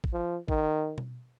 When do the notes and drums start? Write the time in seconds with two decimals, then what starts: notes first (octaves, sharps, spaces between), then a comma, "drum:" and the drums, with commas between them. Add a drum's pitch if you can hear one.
0.04 drum: kick
0.13 F3
0.48 D#3, drum: kick
0.98 drum: tom B2